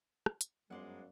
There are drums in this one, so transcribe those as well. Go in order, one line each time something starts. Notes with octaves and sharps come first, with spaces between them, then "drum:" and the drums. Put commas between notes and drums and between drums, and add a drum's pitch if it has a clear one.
drum: rim click
drum: hi-hat
G1 F#2 G#3 C5 D5 F#5